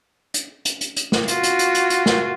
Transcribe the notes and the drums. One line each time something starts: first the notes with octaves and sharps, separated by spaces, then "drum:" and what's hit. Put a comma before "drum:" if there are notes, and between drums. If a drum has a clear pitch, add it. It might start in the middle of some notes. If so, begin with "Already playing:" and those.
drum: hi-hat
drum: hi-hat
drum: hi-hat
drum: hi-hat
drum: snare
F4 F#4, drum: hi-hat
drum: hi-hat
drum: hi-hat
drum: hi-hat
drum: hi-hat
drum: snare